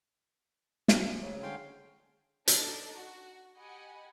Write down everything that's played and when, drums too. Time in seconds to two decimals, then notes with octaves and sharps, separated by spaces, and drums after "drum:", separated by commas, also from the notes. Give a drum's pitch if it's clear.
0.88 C#4 G4 G#4 C5, drum: snare
1.20 C#3 F#3 C#5
1.43 D3 G#3 C#4 F5 G5 C6
2.48 D4 D#4 A4 D#5, drum: hi-hat
2.96 F#4
3.57 G4 D#5 F#5 G#5 B5